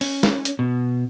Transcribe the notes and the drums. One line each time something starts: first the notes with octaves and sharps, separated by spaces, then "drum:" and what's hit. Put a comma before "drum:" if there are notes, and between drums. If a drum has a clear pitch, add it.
C#4, drum: open hi-hat
drum: snare
drum: hi-hat
B2